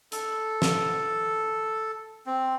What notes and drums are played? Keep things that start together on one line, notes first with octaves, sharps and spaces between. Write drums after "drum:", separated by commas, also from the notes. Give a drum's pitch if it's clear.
A4, drum: hi-hat
drum: snare
C4